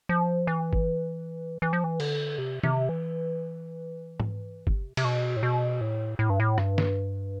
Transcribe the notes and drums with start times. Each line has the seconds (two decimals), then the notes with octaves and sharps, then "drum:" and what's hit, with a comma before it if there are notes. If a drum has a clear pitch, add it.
0.09 F3
0.47 E3
0.73 drum: kick
1.62 E3
1.73 F3
1.84 E3
2.00 D3, drum: cymbal
2.38 C3
2.63 C3, drum: tom D#3
2.89 E3
4.20 drum: tom G#2
4.67 C3, drum: kick
4.97 C3, drum: cymbal
5.05 B2
5.36 A2
5.43 B2
5.81 A2
6.19 A2
6.30 G2
6.40 A2
6.58 G2, drum: rim click
6.78 drum: snare